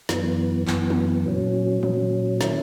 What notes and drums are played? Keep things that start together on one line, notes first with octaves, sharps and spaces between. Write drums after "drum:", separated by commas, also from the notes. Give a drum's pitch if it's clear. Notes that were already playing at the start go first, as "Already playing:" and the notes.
F#2 E3 B3, drum: snare
F#2 E3 B3, drum: clap
drum: tom
A#2 F#3 C#4
A#2 F#3 C#4, drum: tom
D#3 A#3 C#4 E4, drum: snare